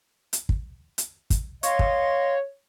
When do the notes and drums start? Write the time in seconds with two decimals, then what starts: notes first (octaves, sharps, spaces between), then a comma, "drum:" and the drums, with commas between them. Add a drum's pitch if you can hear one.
0.33 drum: hi-hat
0.49 drum: kick
0.98 drum: hi-hat
1.30 drum: kick, hi-hat
1.63 C#5 D#5 F5 C6, drum: hi-hat
1.79 drum: kick